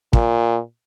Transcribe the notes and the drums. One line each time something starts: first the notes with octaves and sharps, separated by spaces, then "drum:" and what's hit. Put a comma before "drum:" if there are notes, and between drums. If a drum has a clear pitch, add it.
A#2, drum: kick